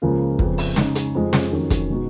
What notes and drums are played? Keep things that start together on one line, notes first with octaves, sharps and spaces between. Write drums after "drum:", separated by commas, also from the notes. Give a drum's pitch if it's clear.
C#2 C#3 F3 A#3 F4
F2 C#3 F3 B3, drum: kick
drum: open hi-hat
C#3 G#3 D#4, drum: snare
drum: hi-hat
F2 F3 G#3
drum: snare
F2 D#3 F#3 C#4
drum: kick, hi-hat
B2 G#3 D#4 F#4